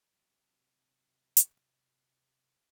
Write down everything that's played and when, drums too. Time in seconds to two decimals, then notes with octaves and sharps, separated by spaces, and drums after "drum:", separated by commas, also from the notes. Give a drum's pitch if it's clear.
0.13 C3 F#3
1.37 drum: hi-hat